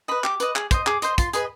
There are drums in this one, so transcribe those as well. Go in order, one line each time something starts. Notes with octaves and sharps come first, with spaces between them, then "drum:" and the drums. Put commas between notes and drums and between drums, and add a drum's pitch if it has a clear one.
B4 D#5 B5
G4 D6, drum: clap
B4 D#5, drum: hi-hat
G#4, drum: clap
C5 D#5, drum: kick, hi-hat
G#4 D6, drum: clap
C5 D#5 C6, drum: hi-hat
F4 C6, drum: kick, hi-hat
G#4 B4 D#5, drum: hi-hat